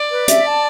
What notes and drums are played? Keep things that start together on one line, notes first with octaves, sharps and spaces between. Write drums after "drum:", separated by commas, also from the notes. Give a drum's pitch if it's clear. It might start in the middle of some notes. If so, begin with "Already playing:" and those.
Already playing: D5
B4
E5, drum: hi-hat
A5